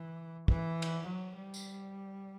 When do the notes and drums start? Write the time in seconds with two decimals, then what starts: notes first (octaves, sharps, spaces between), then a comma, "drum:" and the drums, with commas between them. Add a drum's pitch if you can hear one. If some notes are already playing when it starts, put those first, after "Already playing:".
Already playing: E3
0.48 E3, drum: kick
0.82 drum: cymbal
1.06 F#3
1.36 G3
1.54 drum: tambourine